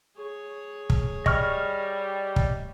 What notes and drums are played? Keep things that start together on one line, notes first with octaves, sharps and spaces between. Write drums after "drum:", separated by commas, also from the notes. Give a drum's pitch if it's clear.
G#4 C#5
drum: kick
G3 D#5 C#6 F6, drum: kick
drum: kick